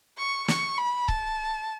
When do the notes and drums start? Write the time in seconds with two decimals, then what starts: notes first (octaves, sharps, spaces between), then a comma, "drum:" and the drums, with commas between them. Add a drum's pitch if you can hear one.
0.18 C#6
0.48 C#6, drum: snare
0.78 B5
1.08 A5, drum: kick C#1